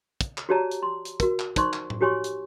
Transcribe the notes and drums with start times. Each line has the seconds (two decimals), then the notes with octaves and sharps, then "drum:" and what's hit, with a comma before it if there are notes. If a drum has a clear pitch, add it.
0.21 drum: kick, hi-hat
0.38 drum: clap
0.49 F#4 G4 C#5 D5 A5 A#5
0.71 drum: hi-hat
0.83 C6
1.05 drum: hi-hat
1.20 F#4 A#4, drum: kick, hi-hat
1.39 drum: clap
1.56 D#4 C5 D5 C6 C#6, drum: kick, hi-hat
1.73 drum: clap
1.90 drum: tom A2
2.01 F#4 G4 C#5 G#5 C6 C#6
2.24 drum: hi-hat